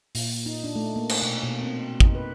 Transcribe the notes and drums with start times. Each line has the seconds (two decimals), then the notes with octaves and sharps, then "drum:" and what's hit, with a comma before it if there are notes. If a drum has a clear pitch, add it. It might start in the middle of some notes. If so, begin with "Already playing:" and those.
0.15 A#2, drum: open hi-hat
0.46 D#4
0.64 D4
0.75 A3
0.96 A#3
1.09 drum: cymbal
1.22 B2
1.43 B2
1.62 C4
2.00 D#4, drum: kick
2.15 B4